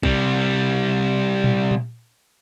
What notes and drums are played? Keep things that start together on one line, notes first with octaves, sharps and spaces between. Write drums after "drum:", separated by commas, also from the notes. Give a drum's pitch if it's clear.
C3 G3, drum: kick A#1
drum: tom A#2
drum: tom A#2